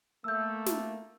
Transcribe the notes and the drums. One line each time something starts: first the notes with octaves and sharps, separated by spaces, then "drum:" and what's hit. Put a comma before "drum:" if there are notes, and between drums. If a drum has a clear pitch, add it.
A3 A#3 E6 G6
drum: snare